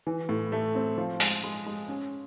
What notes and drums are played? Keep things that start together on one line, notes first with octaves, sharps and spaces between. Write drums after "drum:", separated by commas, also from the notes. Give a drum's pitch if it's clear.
E3
A2
A3
C4
F3
G#3, drum: open hi-hat
G#3
G#3
C#4